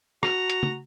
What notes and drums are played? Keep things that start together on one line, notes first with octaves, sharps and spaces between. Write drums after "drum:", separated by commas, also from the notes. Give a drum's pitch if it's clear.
F#4 A#5, drum: rim click
drum: hi-hat
drum: tom